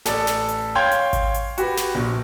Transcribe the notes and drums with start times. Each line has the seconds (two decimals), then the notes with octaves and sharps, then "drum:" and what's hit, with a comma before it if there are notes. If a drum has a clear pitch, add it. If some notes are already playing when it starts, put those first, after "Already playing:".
0.06 A1 A4 D5 A6, drum: snare
0.27 drum: snare
0.48 drum: hi-hat
0.75 C#5 F5 G5 C6 G6 G#6
0.91 drum: hi-hat
1.13 drum: kick G#1, hi-hat
1.34 drum: hi-hat
1.58 F#4 G4 B4, drum: hi-hat
1.77 drum: snare
1.95 A#1